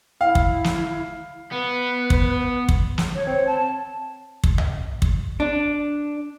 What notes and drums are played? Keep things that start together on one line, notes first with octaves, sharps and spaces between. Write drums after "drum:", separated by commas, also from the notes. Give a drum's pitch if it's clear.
E4 F5
drum: kick
drum: snare
B3 B4
drum: kick
drum: kick
drum: snare
C#5
C4 C#5
A5
drum: kick
drum: tom
drum: kick
D4